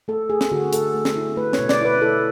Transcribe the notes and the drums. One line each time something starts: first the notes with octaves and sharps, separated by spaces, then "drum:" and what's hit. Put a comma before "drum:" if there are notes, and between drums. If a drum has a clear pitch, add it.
A3 A4
A3 G#4
drum: snare
D3 F#4
A3 A4, drum: hi-hat
A3
drum: snare
E4
A3 B4
C#5, drum: snare
B2
D5, drum: snare
E4 B4
E4 A4